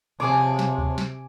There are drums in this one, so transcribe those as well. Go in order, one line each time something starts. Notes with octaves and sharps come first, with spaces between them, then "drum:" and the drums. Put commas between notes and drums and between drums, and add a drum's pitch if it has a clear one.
C3 F3 G#4 C#5 G#5 D6
drum: snare
drum: kick D2
drum: snare